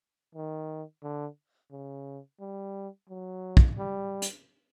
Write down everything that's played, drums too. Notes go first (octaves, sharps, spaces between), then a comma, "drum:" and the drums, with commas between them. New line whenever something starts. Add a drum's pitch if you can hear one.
D#3
D3
C#3
G3
F#3
drum: kick
G3
drum: hi-hat